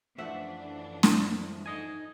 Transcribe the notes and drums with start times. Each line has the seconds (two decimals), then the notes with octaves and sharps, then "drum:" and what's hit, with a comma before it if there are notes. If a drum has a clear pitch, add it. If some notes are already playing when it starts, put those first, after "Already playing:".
0.18 F#2 E3 F3 A3 D4 E5 F#5
1.03 drum: snare
1.66 D#4 D#5 G#5